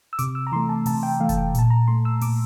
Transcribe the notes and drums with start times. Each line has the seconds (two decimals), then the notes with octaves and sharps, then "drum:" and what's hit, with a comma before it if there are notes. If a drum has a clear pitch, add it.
0.13 E6
0.19 C3 D6, drum: hi-hat
0.35 E6
0.47 A#5
0.52 E3 A3 C6
0.69 A5
0.86 C3 A5, drum: open hi-hat
1.03 G5
1.20 E3 A3 F5
1.29 A5, drum: kick F1, hi-hat
1.38 G5
1.55 A#2 A5, drum: hi-hat
1.70 A#5
1.88 A3 C6
2.05 E6
2.21 A#2 D6, drum: open hi-hat